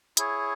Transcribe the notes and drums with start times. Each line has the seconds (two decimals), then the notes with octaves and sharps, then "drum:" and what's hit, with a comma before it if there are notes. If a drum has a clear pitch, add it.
0.17 E4 G#4 C#5, drum: hi-hat